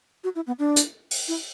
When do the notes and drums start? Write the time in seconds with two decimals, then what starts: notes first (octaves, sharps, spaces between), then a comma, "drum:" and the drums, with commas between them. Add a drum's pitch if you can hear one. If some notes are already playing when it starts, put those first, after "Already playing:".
0.24 F#4
0.35 E4
0.47 B3
0.59 D4
0.76 drum: hi-hat
1.11 drum: open hi-hat
1.28 E4